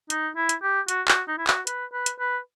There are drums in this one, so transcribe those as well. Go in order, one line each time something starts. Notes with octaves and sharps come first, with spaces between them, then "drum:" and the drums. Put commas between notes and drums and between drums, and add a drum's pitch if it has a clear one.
D#4, drum: hi-hat
E4
drum: hi-hat
G4
F#4, drum: hi-hat
F#4, drum: clap
D#4
E4
F#4, drum: clap
B4, drum: hi-hat
B4
drum: hi-hat
B4